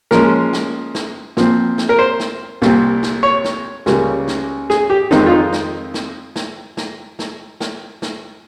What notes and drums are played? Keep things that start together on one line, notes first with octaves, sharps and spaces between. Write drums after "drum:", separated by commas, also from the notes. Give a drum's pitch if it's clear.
A#2 F3 G#3 C#4 A#4, drum: snare
drum: snare
drum: snare
A#2 F3 C4, drum: snare
drum: snare
A#4
C5
drum: snare
C2 A#2 G3 C4, drum: snare
drum: snare
C#5
drum: snare
C#2 C#3 G3 A#3, drum: snare
drum: snare
G#4, drum: snare
G4
F2 D#3 G#3 C4 D#4, drum: snare
F4
D#4
drum: snare
drum: snare
drum: snare
drum: snare
drum: snare
drum: snare
drum: snare